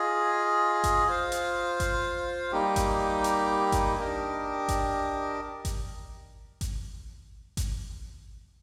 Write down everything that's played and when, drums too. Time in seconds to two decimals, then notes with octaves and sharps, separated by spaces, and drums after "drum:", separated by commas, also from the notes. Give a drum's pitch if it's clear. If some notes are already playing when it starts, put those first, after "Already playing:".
Already playing: F4 G#4 D#5
0.84 drum: kick G#1, hi-hat
1.07 F4 C5 F5
1.32 drum: hi-hat
1.80 drum: kick G#1, hi-hat
2.52 G3 A#3 D#4 G4
2.76 drum: kick G#1, hi-hat
3.24 drum: hi-hat
3.72 drum: kick G#1, hi-hat
3.96 D4 G4 A#4 D#5
4.68 drum: kick G#1, hi-hat
5.65 drum: kick G#1, hi-hat
6.61 drum: kick G#1, hi-hat
7.57 drum: kick G#1, hi-hat